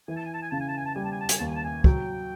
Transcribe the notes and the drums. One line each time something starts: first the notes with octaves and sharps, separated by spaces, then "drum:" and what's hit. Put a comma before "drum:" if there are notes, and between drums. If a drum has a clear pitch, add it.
E3 G#5
A5
G#5
A5
G#5
C#3 A5
G#5
A5
G#5
A5
G3 G#5
A5
G#5
A5
G#5, drum: hi-hat
D#2 A5
G#5
A5
G#5
F#3 G5, drum: kick